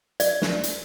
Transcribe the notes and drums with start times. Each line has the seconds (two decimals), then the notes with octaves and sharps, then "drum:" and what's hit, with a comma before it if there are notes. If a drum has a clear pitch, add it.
0.20 D5, drum: hi-hat
0.42 drum: snare
0.63 drum: hi-hat